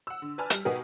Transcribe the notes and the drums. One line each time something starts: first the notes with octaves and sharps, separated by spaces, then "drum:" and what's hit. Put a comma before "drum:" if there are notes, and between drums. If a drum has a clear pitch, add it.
F#5 E6
D3
B4 D5 G#5 A5 F6
G3, drum: hi-hat
B2 B3 D#4 G4 G#4 A#4